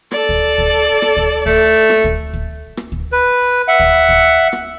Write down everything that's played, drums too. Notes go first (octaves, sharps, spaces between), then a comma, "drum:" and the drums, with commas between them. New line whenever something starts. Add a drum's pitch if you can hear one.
A4 D5, drum: rim click
drum: kick
drum: kick
drum: rim click
drum: kick
A3, drum: kick
drum: rim click
drum: kick
drum: kick
drum: rim click
drum: kick
B4
E5 F#5
drum: kick
drum: kick
drum: rim click